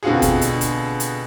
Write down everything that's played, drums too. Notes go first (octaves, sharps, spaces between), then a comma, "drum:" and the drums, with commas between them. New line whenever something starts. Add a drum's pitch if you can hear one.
B2 D3 C4 F4 F#4 G#4
drum: kick, hi-hat
drum: hi-hat
drum: hi-hat
drum: hi-hat